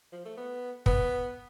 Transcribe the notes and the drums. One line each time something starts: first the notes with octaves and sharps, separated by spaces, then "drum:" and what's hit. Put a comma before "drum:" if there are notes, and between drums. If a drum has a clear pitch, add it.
F3
A3
B3
B3, drum: kick